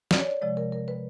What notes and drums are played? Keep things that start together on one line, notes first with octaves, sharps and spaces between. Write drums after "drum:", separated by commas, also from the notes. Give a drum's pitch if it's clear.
D5, drum: snare
C#5
D5
C3 F3 G#3 D5
A#4
A#4
B4